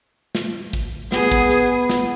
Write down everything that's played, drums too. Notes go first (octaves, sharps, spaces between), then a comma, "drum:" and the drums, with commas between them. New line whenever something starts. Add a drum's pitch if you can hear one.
drum: snare
drum: kick, hi-hat
B3 G#4, drum: snare
drum: kick
drum: hi-hat
drum: snare